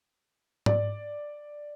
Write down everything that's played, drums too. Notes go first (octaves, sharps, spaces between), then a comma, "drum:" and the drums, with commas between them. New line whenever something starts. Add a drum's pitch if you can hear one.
D5, drum: tom G#2